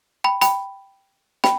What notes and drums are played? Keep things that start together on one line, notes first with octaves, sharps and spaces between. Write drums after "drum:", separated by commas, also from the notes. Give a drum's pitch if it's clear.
G5 B5
G5 B5, drum: hi-hat
G5 B5, drum: snare